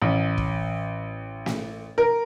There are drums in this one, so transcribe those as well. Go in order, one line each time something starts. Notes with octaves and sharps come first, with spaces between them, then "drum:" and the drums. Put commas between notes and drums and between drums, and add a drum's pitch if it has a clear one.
A1
drum: kick
drum: snare
A#4